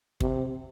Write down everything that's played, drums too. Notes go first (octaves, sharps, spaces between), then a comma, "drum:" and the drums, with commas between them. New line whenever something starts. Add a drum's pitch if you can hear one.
C3, drum: kick